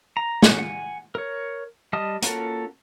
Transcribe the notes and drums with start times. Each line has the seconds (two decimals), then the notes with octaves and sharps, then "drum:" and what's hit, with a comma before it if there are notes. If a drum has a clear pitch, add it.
0.17 A#5
0.42 C#4 F#5, drum: snare
0.59 F#5 G#5
1.15 A#4 C#5
1.93 G3 D#5 A5 D#6 F6
2.22 A#3 C#4 F4 F#4 A4, drum: hi-hat